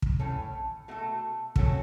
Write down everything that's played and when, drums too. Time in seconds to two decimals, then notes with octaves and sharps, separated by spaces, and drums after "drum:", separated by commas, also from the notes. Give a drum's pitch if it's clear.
0.02 drum: kick
0.19 A2 E3 C#4 A4
0.88 B2 A3 F#4 A4
1.56 C#3 F#3 C#4 F#4 A4, drum: kick